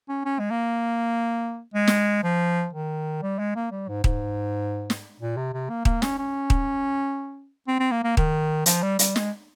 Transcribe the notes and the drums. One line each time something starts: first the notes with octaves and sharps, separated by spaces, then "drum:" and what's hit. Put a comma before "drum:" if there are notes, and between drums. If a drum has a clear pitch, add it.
C#4
C#4
G#3
A#3
G#3
drum: snare
F3
D#3
G3
G#3
A#3
G3
G#2
G#2, drum: kick D#1
drum: snare
A#2
C3
C3
A#3
A#3, drum: kick D#1
C#4, drum: snare
C#4
drum: kick D#1
C4
C4
A#3
A#3
D#3, drum: kick D#1
F3, drum: hi-hat
G3
G3, drum: hi-hat
G#3, drum: snare